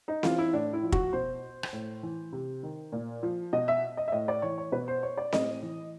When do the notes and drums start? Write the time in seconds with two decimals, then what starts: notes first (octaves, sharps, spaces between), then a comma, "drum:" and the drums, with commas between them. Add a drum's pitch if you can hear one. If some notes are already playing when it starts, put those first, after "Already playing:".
0.08 D#4
0.23 E3 F4, drum: snare C4
0.38 E4
0.53 A2 D4
0.73 E4
0.83 F3
0.92 F#4, drum: kick
1.13 B2 C5
1.63 drum: rim click
1.73 A2
2.03 E3
2.32 C3
2.63 D#3
2.92 A#2
3.23 F3
3.53 B2 D#5
3.68 E5
3.97 D#5
4.08 E5
4.12 A2 D#5
4.28 D5
4.42 E3 C#5
4.58 C#5
4.72 B2 B4
4.88 C5
5.03 C#5
5.17 D5
5.32 A2 D#5, drum: snare C4
5.63 E3